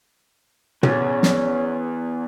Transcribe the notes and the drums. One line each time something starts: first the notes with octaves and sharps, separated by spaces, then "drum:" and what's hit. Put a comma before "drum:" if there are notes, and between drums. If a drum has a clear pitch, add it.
E2 C#4, drum: tom
drum: snare